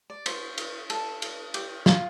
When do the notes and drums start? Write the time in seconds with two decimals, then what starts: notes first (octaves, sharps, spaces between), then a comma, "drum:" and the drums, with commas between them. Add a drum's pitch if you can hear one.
0.10 D5
0.26 C5, drum: cymbal
0.58 drum: cymbal
0.90 A4, drum: cymbal
1.22 drum: cymbal
1.54 G4, drum: cymbal
1.86 F4, drum: snare